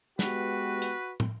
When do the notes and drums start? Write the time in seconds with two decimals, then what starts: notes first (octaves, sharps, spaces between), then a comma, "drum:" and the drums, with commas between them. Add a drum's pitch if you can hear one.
0.19 G#3 B3 F#4 G4 B4, drum: snare
0.82 drum: hi-hat
1.20 drum: tom